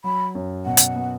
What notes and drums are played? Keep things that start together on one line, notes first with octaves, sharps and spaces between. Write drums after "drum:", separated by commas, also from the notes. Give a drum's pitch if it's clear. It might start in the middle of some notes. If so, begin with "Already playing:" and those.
F#3 B5
F#2
B2 F#5
drum: hi-hat
B3